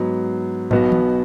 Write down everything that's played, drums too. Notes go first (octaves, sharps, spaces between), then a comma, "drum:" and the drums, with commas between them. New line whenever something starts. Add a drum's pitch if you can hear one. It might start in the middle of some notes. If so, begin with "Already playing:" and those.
Already playing: G#2 F#3 B3
B1 B2 B3 F#4, drum: tom
drum: tom E3